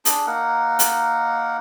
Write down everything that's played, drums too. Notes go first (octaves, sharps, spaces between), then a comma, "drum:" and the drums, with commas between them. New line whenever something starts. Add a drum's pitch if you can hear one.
D4 G#4, drum: hi-hat
A#3 D#4 A#4 F#5
drum: hi-hat